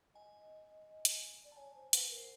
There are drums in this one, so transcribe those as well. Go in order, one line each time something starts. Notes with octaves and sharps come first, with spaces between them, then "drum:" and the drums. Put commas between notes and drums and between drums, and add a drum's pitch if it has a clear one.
D#5 G#5
drum: hi-hat
D5
A5
C#5 G#5
C5
B4 F#5, drum: hi-hat
A#4
C5